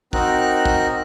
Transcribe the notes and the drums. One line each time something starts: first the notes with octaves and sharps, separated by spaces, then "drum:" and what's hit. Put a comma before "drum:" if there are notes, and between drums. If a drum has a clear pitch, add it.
C4 D#4 F#4 A#4 F#6, drum: kick
drum: kick